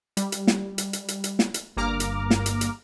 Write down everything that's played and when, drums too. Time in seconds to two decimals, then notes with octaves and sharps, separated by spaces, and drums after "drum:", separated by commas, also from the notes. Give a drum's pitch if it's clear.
0.17 G3, drum: hi-hat
0.32 drum: hi-hat
0.47 drum: snare
0.78 drum: hi-hat
0.93 drum: hi-hat
1.08 drum: hi-hat
1.24 drum: hi-hat
1.39 drum: snare
1.54 drum: hi-hat
1.77 G1 G2 A#3 A#5 D6 F6
2.00 drum: hi-hat
2.30 drum: snare
2.46 drum: hi-hat
2.61 drum: hi-hat